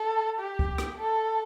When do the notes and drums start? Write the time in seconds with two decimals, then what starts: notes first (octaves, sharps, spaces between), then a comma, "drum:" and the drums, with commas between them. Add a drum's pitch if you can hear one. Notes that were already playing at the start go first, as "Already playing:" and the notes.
Already playing: A4
0.40 G4
0.59 drum: kick
0.78 drum: rim click
0.98 A4